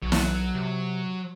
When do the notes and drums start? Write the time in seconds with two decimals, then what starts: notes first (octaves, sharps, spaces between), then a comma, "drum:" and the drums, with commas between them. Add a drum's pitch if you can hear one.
0.02 B1 F#3
0.12 drum: snare
0.55 C3